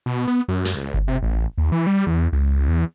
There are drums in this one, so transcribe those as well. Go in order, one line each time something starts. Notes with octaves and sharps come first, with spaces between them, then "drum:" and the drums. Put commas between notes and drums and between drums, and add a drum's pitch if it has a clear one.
B2
B3
F#2
drum: snare
C#2
drum: kick F#1
C3
A1
D#2
E3
G3
E2
C#2
E2